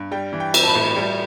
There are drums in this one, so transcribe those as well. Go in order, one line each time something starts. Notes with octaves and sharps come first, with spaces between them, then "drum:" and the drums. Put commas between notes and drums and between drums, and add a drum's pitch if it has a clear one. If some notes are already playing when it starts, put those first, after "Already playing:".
Already playing: G2
G3 G5
E3
G5
C4, drum: cymbal
A5
B5
A2
G3